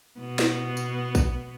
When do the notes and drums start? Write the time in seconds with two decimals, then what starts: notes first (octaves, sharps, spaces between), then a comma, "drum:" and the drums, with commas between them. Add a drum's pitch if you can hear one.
0.20 B2 B3
0.39 drum: snare
0.77 drum: tambourine
1.15 drum: kick A#1, tambourine